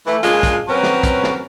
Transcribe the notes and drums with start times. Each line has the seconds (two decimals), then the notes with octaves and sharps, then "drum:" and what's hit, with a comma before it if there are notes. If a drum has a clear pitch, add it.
0.06 E3 A3
0.23 A#2 C#3 G#3 D4 F4, drum: hi-hat
0.43 drum: kick, hi-hat
0.68 F#3 C4 C#4 F#4 A#4 B4
0.83 drum: snare
1.03 drum: kick, hi-hat
1.24 drum: snare